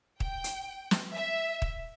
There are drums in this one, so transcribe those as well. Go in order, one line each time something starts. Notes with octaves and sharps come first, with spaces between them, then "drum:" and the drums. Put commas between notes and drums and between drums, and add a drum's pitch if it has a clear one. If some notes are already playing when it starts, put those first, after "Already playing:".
G5, drum: kick
drum: hi-hat
drum: snare
E5
drum: kick